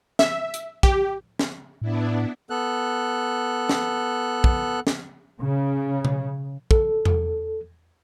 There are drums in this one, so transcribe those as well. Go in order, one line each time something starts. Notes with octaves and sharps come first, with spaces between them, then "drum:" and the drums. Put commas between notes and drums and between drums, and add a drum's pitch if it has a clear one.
E5, drum: snare
drum: hi-hat
G4, drum: kick
drum: snare
A2 B3 D4 E4
B3 A4 F#6
drum: snare
drum: kick
drum: snare
C#3
drum: tom B2
A4, drum: kick
drum: tom E2